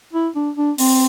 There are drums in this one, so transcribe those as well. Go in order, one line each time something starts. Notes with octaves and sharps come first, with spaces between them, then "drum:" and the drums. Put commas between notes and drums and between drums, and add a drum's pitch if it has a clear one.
E4
D4
D4
C4, drum: open hi-hat